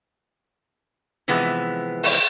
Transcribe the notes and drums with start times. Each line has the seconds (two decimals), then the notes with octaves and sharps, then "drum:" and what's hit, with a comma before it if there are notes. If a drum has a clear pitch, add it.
1.28 C3 E3 F3 G#3 B3
2.03 drum: open hi-hat